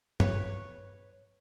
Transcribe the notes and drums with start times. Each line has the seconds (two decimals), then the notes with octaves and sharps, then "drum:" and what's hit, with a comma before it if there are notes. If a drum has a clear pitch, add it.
0.20 B4 C#5, drum: tom